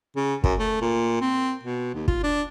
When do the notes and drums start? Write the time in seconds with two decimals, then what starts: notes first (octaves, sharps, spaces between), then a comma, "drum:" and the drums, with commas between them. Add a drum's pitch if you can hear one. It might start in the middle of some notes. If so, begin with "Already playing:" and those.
0.16 C#3
0.44 F#2, drum: kick
0.59 A3
0.82 A#2
1.21 C4
1.63 B2
1.94 D#2
2.08 F4, drum: kick
2.24 D4